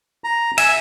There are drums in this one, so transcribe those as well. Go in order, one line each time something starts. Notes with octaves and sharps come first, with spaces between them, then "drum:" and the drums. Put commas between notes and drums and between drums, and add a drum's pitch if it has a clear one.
A#5
E5 G#5, drum: cymbal